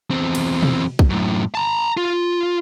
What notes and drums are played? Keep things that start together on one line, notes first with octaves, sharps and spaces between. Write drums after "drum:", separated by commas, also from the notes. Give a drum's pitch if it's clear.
E2 C4
drum: cymbal
drum: tom B2
drum: kick
F#2 A2
A5 A#5
F4